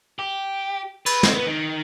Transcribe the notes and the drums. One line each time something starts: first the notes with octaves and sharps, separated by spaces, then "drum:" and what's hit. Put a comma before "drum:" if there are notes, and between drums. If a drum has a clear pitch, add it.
G4
B4, drum: cymbal
C4, drum: snare
B3
D#3